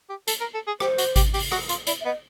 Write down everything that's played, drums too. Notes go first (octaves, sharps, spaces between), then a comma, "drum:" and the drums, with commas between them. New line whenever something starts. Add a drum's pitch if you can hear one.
G4
A4, drum: hi-hat
A#4
A4
G#4
G4 C5, drum: rim click
F#4, drum: hi-hat
G4, drum: kick G#1, hi-hat
G4, drum: open hi-hat
F#4, drum: rim click
F4, drum: hi-hat
E4 D5, drum: hi-hat
E5
B3 D#5